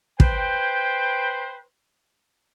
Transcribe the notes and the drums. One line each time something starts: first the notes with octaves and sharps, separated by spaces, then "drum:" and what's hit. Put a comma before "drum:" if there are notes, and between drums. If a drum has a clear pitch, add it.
B4 C5 G5, drum: kick